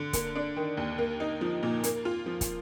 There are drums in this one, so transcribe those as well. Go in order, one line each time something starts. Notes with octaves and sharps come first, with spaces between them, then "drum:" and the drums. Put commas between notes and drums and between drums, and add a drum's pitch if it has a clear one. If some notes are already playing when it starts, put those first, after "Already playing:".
Already playing: D3
A#3, drum: kick, hi-hat
D4
D#3
D#2
A#3
D#4
F3
A#2
A#3, drum: hi-hat
F4
F3
drum: kick, hi-hat